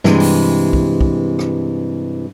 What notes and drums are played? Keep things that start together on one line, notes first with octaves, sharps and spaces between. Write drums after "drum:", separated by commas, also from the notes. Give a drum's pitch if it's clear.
G2 C3 E3 G#3, drum: snare
drum: open hi-hat
drum: kick
drum: kick
drum: rim click